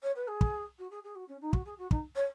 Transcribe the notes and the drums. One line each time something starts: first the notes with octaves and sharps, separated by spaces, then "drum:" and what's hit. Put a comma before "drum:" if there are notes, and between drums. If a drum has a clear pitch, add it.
C#5
B4
G#4
drum: kick
F#4
G#4
G#4
F#4
C#4
D#4
F#4, drum: kick
G#4
F#4
D#4, drum: kick
C#5